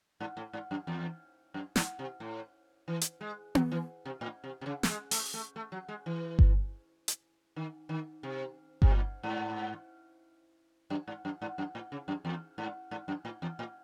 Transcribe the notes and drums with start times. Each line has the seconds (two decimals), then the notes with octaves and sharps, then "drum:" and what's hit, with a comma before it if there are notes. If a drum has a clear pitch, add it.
0.20 G#2
0.37 A2
0.53 G#2
0.71 F#2
0.87 E2
1.54 F#2
1.76 G#2, drum: snare
1.99 C3
2.20 A2
2.88 E3
3.01 drum: hi-hat
3.21 G#3
3.55 F#3, drum: tom B3
3.72 E3
4.05 C3
4.21 A2
4.44 C3
4.61 C3
4.66 C#3
4.83 A3, drum: snare
4.89 G#3
5.11 A3, drum: open hi-hat
5.34 A3
5.56 A3
5.72 F#3
5.88 G#3
6.06 E3
6.39 drum: kick G1
7.08 drum: hi-hat
7.56 D#3
7.89 D#3
8.23 C3
8.82 C3, drum: kick G1
8.91 A2
9.23 G#2
10.90 F#2
11.08 G#2
11.25 F#2
11.42 G#2
11.58 F#2
11.75 A2
11.92 C#3
12.08 F#2
12.25 E2
12.58 G#2
12.91 G#2
13.08 F#2
13.25 A2
13.42 E2
13.59 A2